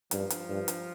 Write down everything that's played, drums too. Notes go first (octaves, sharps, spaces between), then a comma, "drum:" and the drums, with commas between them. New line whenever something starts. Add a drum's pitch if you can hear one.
G2 F3, drum: hi-hat
drum: hi-hat
G2
drum: hi-hat